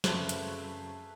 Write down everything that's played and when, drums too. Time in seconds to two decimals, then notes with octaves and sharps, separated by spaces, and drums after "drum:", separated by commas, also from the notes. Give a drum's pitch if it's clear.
0.04 F#2 C#3 A3 C4 G#4 B4 C5 C#6, drum: snare
0.29 drum: hi-hat